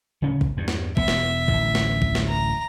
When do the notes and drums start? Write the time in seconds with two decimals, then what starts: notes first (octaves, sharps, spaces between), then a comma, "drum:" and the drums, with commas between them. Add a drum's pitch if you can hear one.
0.22 D1 C#3 C#4
0.41 drum: kick A1
0.57 E2 G2
0.68 drum: snare
0.97 E1 B3 E5, drum: kick A1
1.08 drum: snare
1.48 D1 A1, drum: kick A1
1.75 drum: snare
2.02 drum: kick A1
2.15 drum: snare
2.28 A#5